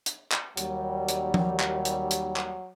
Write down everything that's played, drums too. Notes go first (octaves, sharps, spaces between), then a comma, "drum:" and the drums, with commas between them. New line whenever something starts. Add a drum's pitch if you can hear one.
drum: hi-hat
drum: clap
D#2 F#3 G3, drum: hi-hat
drum: hi-hat
drum: tom F3
drum: clap
drum: hi-hat
drum: hi-hat
drum: clap